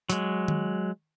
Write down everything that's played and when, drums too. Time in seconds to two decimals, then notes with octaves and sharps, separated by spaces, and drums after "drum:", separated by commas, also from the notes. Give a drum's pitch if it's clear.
0.09 F#3 G#3, drum: hi-hat
0.48 drum: tom D#3